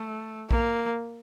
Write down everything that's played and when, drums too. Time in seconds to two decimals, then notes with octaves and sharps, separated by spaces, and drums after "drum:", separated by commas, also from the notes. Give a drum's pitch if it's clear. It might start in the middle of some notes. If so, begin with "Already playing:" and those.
Already playing: A3
0.51 A#3, drum: kick A#1